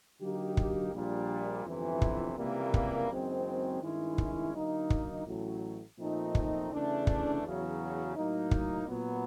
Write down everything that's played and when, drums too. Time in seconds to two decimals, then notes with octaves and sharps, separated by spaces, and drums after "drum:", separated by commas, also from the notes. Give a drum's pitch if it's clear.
0.21 D3 F#3 A#3 D#4 G4
0.57 drum: kick
0.93 A#1 A#2 G3
1.65 G1 F2 C3 E3
2.02 drum: kick
2.37 C#2 C3 E3 G3 A#3
2.74 drum: kick
3.10 F#1 F#2 D#3 G#3 C4
3.82 G2 D#3 G#3 C#4 E4
4.18 drum: kick
4.54 D3 F#3 A#3 D#4
4.90 drum: kick
5.26 A1 A2 F#3
5.99 A#2 F3 A3 C4 D#4
6.35 drum: kick
6.71 E2 C#3 E3 A3 D4
7.07 drum: kick
7.42 E2 C#3 F#3
8.16 A2 F#3 A#3 D#4
8.51 drum: kick
8.87 A#2 F#3 B3